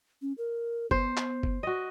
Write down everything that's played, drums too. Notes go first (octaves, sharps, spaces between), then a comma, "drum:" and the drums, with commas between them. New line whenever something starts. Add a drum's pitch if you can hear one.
C#4
A#4
B3 C5, drum: kick F#1
drum: clap
drum: kick F#1
F#4 D#5